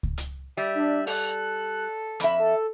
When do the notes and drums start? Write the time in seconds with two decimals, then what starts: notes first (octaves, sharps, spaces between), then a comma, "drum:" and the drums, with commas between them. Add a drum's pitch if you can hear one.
0.03 drum: kick C#2
0.18 drum: hi-hat
0.57 G3 E5
0.75 D4
1.07 A4 F#6, drum: open hi-hat
2.20 F2 E5 B5, drum: hi-hat
2.40 A4